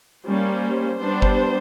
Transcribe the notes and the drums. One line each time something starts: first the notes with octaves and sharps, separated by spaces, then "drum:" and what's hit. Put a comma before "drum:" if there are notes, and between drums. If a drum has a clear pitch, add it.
G3 A#3 C#4 C5
G3 B3 D4 C5
drum: kick G1